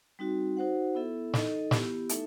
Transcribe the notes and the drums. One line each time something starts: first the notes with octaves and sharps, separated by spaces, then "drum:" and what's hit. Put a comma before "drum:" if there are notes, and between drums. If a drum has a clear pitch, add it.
G3 C4 D#4 F#4
D#4 F#4 C5 F#5
B3 E4 A4 E5
D#4 A4 D#5, drum: snare
B3 E4 G4, drum: snare
A3 D#4 A4 E5, drum: hi-hat